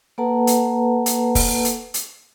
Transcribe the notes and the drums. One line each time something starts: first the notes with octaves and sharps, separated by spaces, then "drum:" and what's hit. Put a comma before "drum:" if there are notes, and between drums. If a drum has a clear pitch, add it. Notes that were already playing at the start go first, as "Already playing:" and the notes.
A#3 A4 B4 F#5 A5 A#5
drum: hi-hat
drum: hi-hat
drum: kick F1, open hi-hat
drum: hi-hat
drum: hi-hat